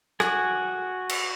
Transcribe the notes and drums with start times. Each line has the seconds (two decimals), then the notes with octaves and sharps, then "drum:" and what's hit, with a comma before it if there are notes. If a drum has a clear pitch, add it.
0.20 F#4 G#5, drum: rim click
1.09 drum: cymbal